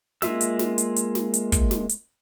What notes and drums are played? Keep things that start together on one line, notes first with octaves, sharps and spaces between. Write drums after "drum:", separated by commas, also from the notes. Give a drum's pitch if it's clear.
G#3 A#3 F4 E5 E6, drum: snare
drum: hi-hat
drum: snare
drum: hi-hat
drum: hi-hat
drum: snare
drum: hi-hat
drum: kick, hi-hat
drum: snare
drum: hi-hat